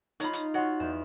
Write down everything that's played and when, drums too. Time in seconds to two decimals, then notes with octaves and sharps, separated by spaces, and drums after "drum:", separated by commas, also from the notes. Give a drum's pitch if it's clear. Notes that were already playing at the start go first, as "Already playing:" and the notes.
0.20 D#4 F4 C#5 B5, drum: hi-hat
0.33 drum: hi-hat
0.54 F4 F#4 C#5 D#5 F#5
0.80 E2 G6 E7